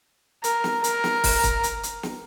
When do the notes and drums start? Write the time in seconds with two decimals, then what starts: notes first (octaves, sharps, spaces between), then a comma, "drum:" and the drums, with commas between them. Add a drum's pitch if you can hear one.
0.44 A#4, drum: hi-hat
0.64 drum: snare
0.84 A#4, drum: hi-hat
1.04 drum: snare
1.24 drum: kick, open hi-hat
1.44 drum: kick, hi-hat
1.63 drum: hi-hat
1.83 drum: hi-hat
2.03 drum: snare